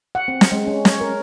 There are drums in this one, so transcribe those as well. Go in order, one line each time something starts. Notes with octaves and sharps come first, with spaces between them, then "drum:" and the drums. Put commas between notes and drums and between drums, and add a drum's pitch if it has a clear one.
F#5
C4
drum: snare
G#3
C#4
C#5, drum: snare
A#4